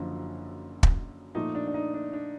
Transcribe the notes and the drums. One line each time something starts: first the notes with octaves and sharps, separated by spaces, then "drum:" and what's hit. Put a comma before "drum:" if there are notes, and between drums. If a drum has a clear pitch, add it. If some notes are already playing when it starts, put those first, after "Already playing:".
Already playing: F#1 F#2 D3 F3
drum: kick
A#2 F3 A3 D#4
D4
D4
D#4
D4
D4